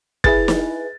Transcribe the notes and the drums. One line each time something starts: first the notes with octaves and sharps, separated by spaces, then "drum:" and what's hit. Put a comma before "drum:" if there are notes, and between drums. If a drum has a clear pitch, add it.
E4 G#4 B4 A6, drum: kick
drum: snare